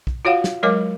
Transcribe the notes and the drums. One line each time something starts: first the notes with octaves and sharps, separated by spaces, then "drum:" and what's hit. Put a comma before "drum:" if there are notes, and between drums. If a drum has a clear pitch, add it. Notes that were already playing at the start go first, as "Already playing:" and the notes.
drum: kick
F4 F#4 C#5 F5 F#5
drum: snare
F#3 G#3 A#4 C#5 D#5 D6